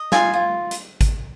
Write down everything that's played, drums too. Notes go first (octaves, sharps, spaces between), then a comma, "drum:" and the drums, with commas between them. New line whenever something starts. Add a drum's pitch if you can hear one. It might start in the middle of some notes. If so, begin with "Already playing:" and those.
Already playing: D#5
F4 G#5, drum: snare
F4
drum: hi-hat
drum: kick G#1, hi-hat